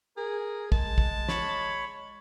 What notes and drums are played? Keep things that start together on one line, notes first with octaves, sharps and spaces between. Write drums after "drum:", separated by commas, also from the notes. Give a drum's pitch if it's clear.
G#4 A#4
G#3 A5, drum: kick
drum: kick
C#5 B5, drum: snare